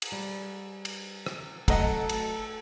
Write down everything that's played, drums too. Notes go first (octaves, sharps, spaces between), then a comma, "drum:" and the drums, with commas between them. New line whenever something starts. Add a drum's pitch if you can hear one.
drum: cymbal
G3
drum: cymbal
drum: rim click
F#3 A3 A4 D#5 F#5, drum: kick, cymbal
drum: cymbal